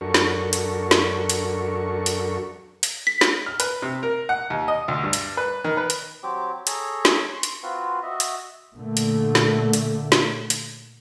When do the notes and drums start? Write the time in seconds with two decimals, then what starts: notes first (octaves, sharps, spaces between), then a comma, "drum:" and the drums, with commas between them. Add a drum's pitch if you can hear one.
0.01 F#2 D4 F#4 A4 A#4 C#6
0.14 drum: snare
0.53 drum: hi-hat
0.91 drum: snare
1.30 drum: hi-hat
2.06 drum: hi-hat
2.83 drum: hi-hat
3.07 B6
3.21 drum: snare
3.46 F6
3.60 B4, drum: hi-hat
3.82 C3
4.03 A#4
4.29 F#5
4.50 D#2
4.68 D#5
4.88 D2
5.03 G2
5.13 drum: hi-hat
5.37 B4
5.64 D#3
5.77 B4
5.90 drum: hi-hat
6.23 F#3 C4 G4 D6
6.67 G#4 A4 C#5 A#5, drum: hi-hat
7.05 drum: snare
7.33 C6 C#6
7.43 drum: hi-hat
7.63 C4 F4 F#4 B4
8.03 F#4 D#5 E5
8.20 drum: hi-hat
8.75 A#2 D3 A3
8.97 drum: hi-hat
9.35 drum: snare
9.73 drum: hi-hat
10.12 drum: snare
10.50 drum: hi-hat